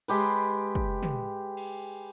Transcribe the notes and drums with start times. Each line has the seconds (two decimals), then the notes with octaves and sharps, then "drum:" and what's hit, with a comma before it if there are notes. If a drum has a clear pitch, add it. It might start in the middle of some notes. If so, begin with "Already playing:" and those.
0.08 G#3 G4 B4, drum: cymbal
0.75 drum: kick
1.03 drum: tom
1.57 drum: cymbal